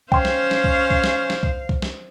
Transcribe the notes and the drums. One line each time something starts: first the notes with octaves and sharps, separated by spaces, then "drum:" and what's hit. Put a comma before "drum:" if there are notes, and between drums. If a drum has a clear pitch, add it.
C#4 C5 F5 G5 C6, drum: kick C2
drum: snare
drum: snare
drum: kick C2
drum: kick C2
drum: snare
drum: snare
drum: kick C2
drum: kick C2
drum: snare